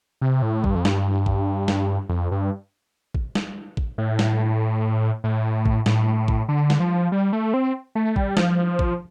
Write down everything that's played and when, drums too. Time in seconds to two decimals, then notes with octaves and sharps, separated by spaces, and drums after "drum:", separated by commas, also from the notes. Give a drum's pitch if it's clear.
0.21 C3
0.42 A2
0.64 G2, drum: kick A1
0.75 F2
0.85 G2, drum: snare
1.26 drum: kick A1
1.68 drum: snare
2.09 F2
2.31 G2
3.14 drum: kick A1
3.35 drum: snare
3.77 drum: kick A1
3.98 A2
4.19 drum: snare
5.24 A2
5.65 drum: kick A1
5.86 A2, drum: snare
6.28 drum: kick A1
6.48 D3
6.70 drum: snare
6.80 F3
7.12 G3
7.33 A3
7.54 C4
7.95 A3
8.16 G3, drum: kick A1
8.37 F3, drum: snare
8.79 drum: kick A1